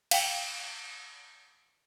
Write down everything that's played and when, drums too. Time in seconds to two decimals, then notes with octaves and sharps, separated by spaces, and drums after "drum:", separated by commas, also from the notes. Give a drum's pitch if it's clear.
0.11 F5 G5, drum: cymbal